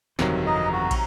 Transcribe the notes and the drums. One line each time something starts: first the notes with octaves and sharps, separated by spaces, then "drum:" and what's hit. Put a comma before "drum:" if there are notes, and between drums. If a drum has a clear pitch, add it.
G1 F2 C3 D#3 E3 F#3, drum: snare
D#5 A#5
F#4
drum: kick, cymbal